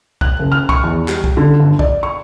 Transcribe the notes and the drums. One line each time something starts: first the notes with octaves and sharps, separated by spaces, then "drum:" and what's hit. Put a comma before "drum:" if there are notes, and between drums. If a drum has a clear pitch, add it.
F#6, drum: kick B1
F#1
F6
C#6, drum: kick B1
E2
G3, drum: clap
drum: kick B1
D3
G1
D5, drum: kick B1
C#6